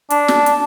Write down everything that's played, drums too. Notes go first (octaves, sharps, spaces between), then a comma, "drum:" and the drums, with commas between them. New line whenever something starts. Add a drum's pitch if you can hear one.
D4, drum: hi-hat
drum: snare
drum: hi-hat